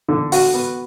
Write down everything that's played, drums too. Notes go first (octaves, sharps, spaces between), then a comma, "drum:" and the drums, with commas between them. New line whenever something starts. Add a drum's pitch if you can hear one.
D3
F#4, drum: open hi-hat
B3